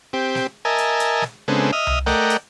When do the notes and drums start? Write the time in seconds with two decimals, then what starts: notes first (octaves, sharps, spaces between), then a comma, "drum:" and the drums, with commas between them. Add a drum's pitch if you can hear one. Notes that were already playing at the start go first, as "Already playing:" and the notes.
0.13 C4 G4
0.35 drum: snare
0.65 A#4 D#5 E5 G#5 A5
0.78 drum: hi-hat
1.00 drum: hi-hat
1.22 drum: snare
1.48 C#3 G#3 B3 C4 D4 A4
1.73 D#5 E5 D#6 F6
1.87 drum: tom C2
2.06 A3 A#4 D5 D#5 F#5 G5, drum: snare
2.30 drum: hi-hat